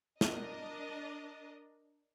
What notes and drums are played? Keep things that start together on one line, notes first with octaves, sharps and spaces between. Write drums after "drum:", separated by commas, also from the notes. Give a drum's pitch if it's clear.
D4 A#4 D#5, drum: snare